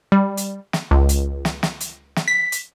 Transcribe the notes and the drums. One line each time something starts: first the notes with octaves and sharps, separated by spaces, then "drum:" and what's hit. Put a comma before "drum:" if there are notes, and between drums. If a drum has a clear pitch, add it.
G3
drum: hi-hat
drum: snare
C#2
drum: hi-hat
drum: snare
drum: snare
drum: hi-hat
drum: snare
B6
drum: hi-hat